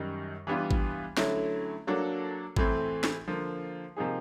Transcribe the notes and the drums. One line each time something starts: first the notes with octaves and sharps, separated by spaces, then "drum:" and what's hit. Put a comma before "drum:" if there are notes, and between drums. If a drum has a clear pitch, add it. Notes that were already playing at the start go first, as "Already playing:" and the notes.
Already playing: F#2 D#3 G3
E3 G3 B3 D4 F4
drum: kick G#1
D3 F#3 A3 C#4 E4, drum: snare
F#3 A#3 D4 F#4 A4
A2 E3 A3 C4, drum: kick G#1
drum: snare
D3 F3 A#3
C3 F3 A#3 D#4 G#4